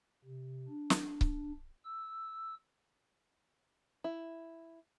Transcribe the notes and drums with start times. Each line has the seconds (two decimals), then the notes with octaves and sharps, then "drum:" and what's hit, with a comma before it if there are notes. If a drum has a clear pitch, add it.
0.25 C3
0.68 D4
0.90 drum: snare
1.21 drum: kick C#1
1.84 E6
4.04 E4